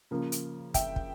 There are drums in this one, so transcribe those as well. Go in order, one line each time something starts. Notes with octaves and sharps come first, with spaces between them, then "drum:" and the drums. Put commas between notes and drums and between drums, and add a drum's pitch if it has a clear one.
C#3 F3 A#3
drum: hi-hat
E5 G5, drum: kick, hi-hat
drum: kick